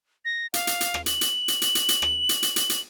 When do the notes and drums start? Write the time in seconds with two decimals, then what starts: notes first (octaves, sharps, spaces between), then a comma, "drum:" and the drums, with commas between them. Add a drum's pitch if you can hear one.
0.25 A#6
0.54 F5, drum: hi-hat
0.67 drum: hi-hat
0.81 drum: hi-hat
0.94 drum: rim click
1.06 F#7, drum: hi-hat
1.21 drum: hi-hat
1.48 drum: hi-hat
1.62 drum: hi-hat
1.75 drum: hi-hat
1.89 drum: hi-hat
2.02 drum: rim click
2.29 drum: hi-hat
2.43 drum: hi-hat
2.56 drum: hi-hat
2.70 drum: hi-hat